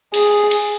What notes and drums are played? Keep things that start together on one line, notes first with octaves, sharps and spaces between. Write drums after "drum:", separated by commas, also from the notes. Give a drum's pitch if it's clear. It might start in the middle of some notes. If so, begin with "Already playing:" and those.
G#4, drum: cymbal
drum: cymbal